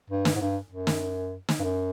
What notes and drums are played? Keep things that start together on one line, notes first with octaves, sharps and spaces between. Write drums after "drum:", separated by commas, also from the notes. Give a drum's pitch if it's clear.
G2
drum: snare
G#2
G2
F#2
drum: snare
drum: snare
G2
F#2